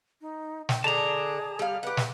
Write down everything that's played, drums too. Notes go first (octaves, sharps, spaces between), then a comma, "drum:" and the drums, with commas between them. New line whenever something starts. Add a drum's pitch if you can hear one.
D#4
G5, drum: snare
D3 D4 G#4 A5 A#5
G3 F5
G4 B4 F#5
drum: snare